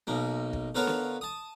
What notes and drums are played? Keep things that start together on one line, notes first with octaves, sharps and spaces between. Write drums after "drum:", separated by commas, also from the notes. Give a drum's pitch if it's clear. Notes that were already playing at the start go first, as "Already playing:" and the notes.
B1 B2 A#3
drum: kick
D3 B3 F4 A#4 B4 C#5
drum: snare
A5 D#6